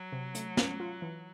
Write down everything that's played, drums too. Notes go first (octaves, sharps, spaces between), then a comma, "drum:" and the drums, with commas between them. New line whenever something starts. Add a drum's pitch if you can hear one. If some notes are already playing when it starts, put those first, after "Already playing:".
Already playing: F#3
C3
A3, drum: hi-hat
C#4, drum: snare
F4
E3